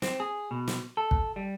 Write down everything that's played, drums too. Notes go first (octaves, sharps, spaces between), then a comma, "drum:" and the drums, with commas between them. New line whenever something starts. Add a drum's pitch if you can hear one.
C4, drum: snare
G#4
B2
drum: snare
A4
drum: kick
G3